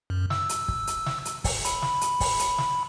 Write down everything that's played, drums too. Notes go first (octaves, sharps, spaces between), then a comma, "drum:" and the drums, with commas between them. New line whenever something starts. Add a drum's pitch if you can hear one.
F#2
E6, drum: snare
drum: hi-hat
drum: kick
drum: hi-hat
drum: snare
drum: hi-hat
drum: kick, open hi-hat
B5, drum: hi-hat
drum: snare
drum: hi-hat
drum: kick, open hi-hat
drum: hi-hat
drum: snare